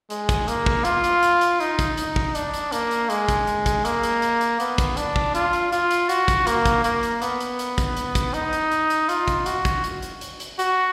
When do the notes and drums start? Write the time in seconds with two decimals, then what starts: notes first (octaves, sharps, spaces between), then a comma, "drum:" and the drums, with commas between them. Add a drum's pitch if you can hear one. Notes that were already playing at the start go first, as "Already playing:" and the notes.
0.10 G#3, drum: hi-hat
0.29 drum: kick, hi-hat
0.48 A#3, drum: hi-hat
0.66 drum: kick
0.85 F4, drum: hi-hat
1.04 drum: hi-hat
1.23 drum: hi-hat
1.41 drum: hi-hat
1.60 D#4, drum: hi-hat
1.79 drum: kick, hi-hat
1.97 drum: hi-hat
2.16 drum: kick
2.35 D4, drum: hi-hat
2.54 drum: hi-hat
2.72 A#3, drum: hi-hat
2.91 drum: hi-hat
3.10 G#3, drum: hi-hat
3.28 drum: kick, hi-hat
3.47 drum: hi-hat
3.66 drum: kick, hi-hat
3.85 A#3, drum: hi-hat
4.03 drum: hi-hat
4.22 drum: hi-hat
4.41 drum: hi-hat
4.60 B3, drum: hi-hat
4.78 drum: kick, hi-hat
4.97 D4, drum: hi-hat
5.16 drum: kick
5.35 F4, drum: hi-hat
5.53 drum: hi-hat
5.72 F4, drum: hi-hat
5.91 drum: hi-hat
6.09 F#4, drum: hi-hat
6.28 drum: kick, hi-hat
6.47 A#3, drum: hi-hat
6.66 drum: kick, hi-hat
6.84 A#3, drum: hi-hat
7.03 drum: hi-hat
7.22 B3, drum: hi-hat
7.40 drum: hi-hat
7.59 drum: hi-hat
7.78 drum: kick, hi-hat
7.97 drum: hi-hat
8.15 drum: kick, hi-hat
8.34 D#4, drum: hi-hat
8.53 drum: hi-hat
8.71 drum: hi-hat
8.90 drum: hi-hat
9.09 F4, drum: hi-hat
9.28 drum: kick, hi-hat
9.46 F#4, drum: hi-hat
9.65 drum: kick, hi-hat
9.84 drum: hi-hat
10.03 drum: hi-hat
10.21 drum: hi-hat
10.40 drum: hi-hat
10.59 F#4, drum: hi-hat